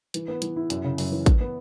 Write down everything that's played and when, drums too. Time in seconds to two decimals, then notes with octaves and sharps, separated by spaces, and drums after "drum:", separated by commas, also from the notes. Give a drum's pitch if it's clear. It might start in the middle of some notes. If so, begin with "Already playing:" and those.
0.14 E3, drum: hi-hat
0.28 B3
0.42 E3, drum: hi-hat
0.56 E4
0.70 F#2, drum: hi-hat
0.84 C#3
0.98 F#2, drum: open hi-hat
1.11 E3
1.26 E3, drum: kick, hi-hat
1.40 B3